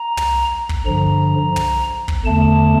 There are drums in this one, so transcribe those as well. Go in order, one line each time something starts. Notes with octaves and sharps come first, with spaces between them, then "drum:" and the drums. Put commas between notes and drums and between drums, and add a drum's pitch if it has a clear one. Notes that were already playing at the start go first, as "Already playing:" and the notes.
Already playing: A#5
drum: tom
drum: kick
G2 D3 F3 A#5
drum: tom
drum: kick
E2 D3 A3 A5